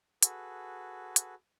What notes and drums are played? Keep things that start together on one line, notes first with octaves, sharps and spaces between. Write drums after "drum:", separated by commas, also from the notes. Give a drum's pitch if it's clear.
F#4 G#4 A4 B4, drum: hi-hat
drum: hi-hat